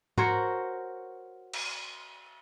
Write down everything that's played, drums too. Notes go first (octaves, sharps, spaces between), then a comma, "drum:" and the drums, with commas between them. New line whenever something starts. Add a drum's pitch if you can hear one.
F#4 A#4 C5 C#5, drum: tom G#2
drum: cymbal